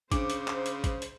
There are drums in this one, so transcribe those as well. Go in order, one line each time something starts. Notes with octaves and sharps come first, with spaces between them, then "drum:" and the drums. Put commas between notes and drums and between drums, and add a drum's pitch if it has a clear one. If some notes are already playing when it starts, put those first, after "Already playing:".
C#3 D4 C5 D6, drum: kick G#1, hi-hat
drum: hi-hat
drum: clap
drum: hi-hat
drum: kick G#1, hi-hat
drum: hi-hat